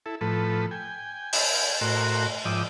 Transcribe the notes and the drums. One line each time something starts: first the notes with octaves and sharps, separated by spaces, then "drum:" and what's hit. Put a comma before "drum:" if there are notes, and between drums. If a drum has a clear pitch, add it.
E4 A4
A2 F3 A4 B4
G5 G#5
drum: open hi-hat
A2 F#4 A#4 C5
G#2 F3 E5 G5 D6 D#6